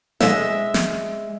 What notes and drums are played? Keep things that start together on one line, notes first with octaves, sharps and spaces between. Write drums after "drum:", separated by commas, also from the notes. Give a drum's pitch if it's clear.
G#3 E5, drum: snare
drum: snare